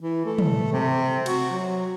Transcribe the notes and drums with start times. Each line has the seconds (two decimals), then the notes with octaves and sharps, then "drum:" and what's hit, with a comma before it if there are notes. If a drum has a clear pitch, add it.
0.01 E3
0.26 A3
0.38 drum: tom
0.73 C3
1.26 F#4, drum: cymbal
1.51 F#3